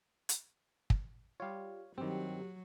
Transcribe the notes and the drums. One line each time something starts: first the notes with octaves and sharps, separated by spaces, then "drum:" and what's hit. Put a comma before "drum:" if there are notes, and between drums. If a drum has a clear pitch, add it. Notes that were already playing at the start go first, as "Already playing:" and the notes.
drum: hi-hat
drum: kick
G3 F4 C#5 F5
G2 D#3 F#3 G3 C4 G4